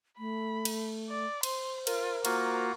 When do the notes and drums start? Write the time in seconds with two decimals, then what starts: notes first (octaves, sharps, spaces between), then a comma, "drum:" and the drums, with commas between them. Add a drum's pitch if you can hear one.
0.18 A3 B5
0.65 drum: cymbal
1.09 D5
1.43 C5 C6, drum: cymbal
1.87 F4 A#4, drum: cymbal
2.25 A#3 F4 F#4 A#5, drum: cymbal